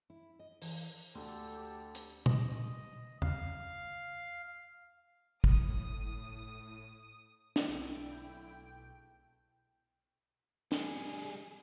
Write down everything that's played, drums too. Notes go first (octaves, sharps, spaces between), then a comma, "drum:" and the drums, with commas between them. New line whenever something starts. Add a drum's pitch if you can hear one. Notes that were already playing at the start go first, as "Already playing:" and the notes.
E4
D#5
E3, drum: open hi-hat
D2 G4 A4
drum: hi-hat
D#5, drum: tom A#2
F5, drum: tom E2
A2 D#6, drum: kick
drum: snare
B1 D3 G#3 A3 E4 G5
G3 G#4, drum: snare